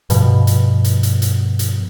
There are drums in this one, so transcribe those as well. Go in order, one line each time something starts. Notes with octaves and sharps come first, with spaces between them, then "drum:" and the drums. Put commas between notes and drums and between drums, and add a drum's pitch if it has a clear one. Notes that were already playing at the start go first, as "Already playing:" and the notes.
G2 B2 F3, drum: hi-hat
drum: hi-hat
drum: hi-hat
drum: hi-hat
drum: hi-hat
drum: hi-hat